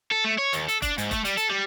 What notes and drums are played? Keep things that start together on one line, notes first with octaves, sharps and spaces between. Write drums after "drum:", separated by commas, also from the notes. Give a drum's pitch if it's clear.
A4
A3
C#5
D#2, drum: hi-hat
A4, drum: hi-hat
D4, drum: kick F1, hi-hat
G#2, drum: hi-hat
A3, drum: kick F1, hi-hat
G3, drum: hi-hat
A4, drum: hi-hat
G3